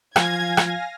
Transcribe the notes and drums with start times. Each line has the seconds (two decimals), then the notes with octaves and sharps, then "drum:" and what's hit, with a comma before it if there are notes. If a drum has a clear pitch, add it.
0.16 F3 F4 F5 G#5 G#6 A#6, drum: rim click
0.57 drum: rim click